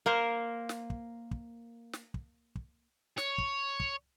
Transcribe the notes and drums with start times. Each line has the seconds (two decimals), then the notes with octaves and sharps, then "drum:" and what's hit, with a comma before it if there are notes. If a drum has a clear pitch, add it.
0.06 A#3 A#4 C5
0.69 drum: snare
0.90 drum: kick
1.31 drum: kick
1.93 drum: snare
2.14 drum: kick
2.55 drum: kick
3.18 C#5, drum: snare
3.38 drum: kick
3.80 drum: kick